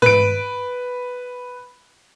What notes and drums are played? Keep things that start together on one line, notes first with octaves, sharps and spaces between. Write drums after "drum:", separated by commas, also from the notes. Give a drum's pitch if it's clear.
B4 D7, drum: tom